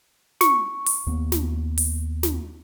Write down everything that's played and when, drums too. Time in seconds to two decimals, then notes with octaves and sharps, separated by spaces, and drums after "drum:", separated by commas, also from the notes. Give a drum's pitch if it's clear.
0.41 C#6, drum: snare
0.86 drum: open hi-hat
1.07 D#2 A#3 B3
1.32 drum: snare
1.78 drum: open hi-hat
2.23 drum: snare